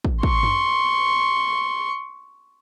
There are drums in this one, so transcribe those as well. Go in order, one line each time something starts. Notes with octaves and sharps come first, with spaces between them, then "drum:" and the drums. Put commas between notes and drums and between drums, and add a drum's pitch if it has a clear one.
drum: kick
C6 C#6, drum: kick
drum: tom F#2